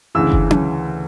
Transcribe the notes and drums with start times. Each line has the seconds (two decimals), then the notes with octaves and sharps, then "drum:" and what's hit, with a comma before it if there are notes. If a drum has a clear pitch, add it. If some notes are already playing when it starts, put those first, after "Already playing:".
0.15 D2 C#3 E3 E6
0.32 drum: kick F#1
0.51 drum: tom C#4